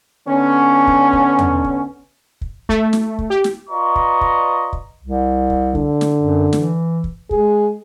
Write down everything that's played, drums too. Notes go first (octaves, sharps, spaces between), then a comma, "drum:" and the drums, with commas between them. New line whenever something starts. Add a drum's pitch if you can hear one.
D3 B3 C#4
drum: kick
drum: kick
drum: tom E2
drum: kick
drum: kick
A3, drum: kick
drum: snare
drum: kick
G4
drum: snare
F4 B4 D5 D#5 A#5 C#6
drum: kick
drum: kick
drum: kick
C2
drum: kick
D3, drum: kick
drum: snare
F#2
E3, drum: snare
drum: kick
G#3 G#4, drum: kick